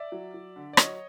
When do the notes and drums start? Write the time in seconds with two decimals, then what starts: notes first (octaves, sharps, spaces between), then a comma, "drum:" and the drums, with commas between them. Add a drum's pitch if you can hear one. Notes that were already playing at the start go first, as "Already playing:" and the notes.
Already playing: D5 E5
0.12 F#3
0.34 F#3
0.56 D3
0.73 D5
0.77 F#3 C#5 D#5, drum: rim click